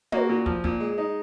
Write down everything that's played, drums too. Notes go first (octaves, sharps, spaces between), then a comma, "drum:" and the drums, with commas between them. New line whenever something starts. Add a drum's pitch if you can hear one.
A#3 F#4, drum: tom
A#2
F3, drum: kick
A#2, drum: kick
G#3
D#4